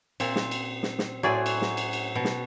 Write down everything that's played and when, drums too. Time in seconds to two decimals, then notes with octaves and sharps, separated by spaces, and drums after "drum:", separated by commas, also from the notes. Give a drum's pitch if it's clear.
0.20 A#2 C4, drum: cymbal
0.36 drum: snare
0.51 drum: cymbal
0.83 drum: snare
0.99 drum: snare
1.23 A2 F#3 G#4 C5 D5
1.46 drum: cymbal
1.62 drum: snare
1.77 drum: cymbal
1.93 drum: cymbal
2.15 B2
2.24 drum: snare